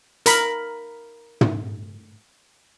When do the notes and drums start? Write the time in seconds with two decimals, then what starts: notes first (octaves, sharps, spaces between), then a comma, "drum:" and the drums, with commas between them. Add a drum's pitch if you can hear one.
0.26 A#4 B5, drum: hi-hat
1.41 drum: tom